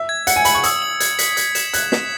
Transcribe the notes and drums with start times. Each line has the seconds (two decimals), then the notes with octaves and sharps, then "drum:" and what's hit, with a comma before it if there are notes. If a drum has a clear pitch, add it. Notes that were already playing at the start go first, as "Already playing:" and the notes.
Already playing: E5
0.09 G#6
0.27 F#5 C#7, drum: hi-hat
0.36 G#5
0.45 B5 F#7, drum: hi-hat
0.55 C#6
0.63 D#6 E6, drum: hi-hat
0.82 F#7
1.00 G#6, drum: hi-hat
1.19 B6, drum: hi-hat
1.37 D#6, drum: hi-hat
1.55 E7, drum: hi-hat
1.73 F#6 G#6, drum: hi-hat
1.92 B6, drum: snare